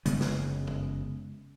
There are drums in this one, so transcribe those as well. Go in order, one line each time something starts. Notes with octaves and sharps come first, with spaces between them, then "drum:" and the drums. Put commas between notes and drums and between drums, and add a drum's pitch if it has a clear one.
F#1 C#3 G#3 B3, drum: hi-hat
drum: snare
drum: tom F2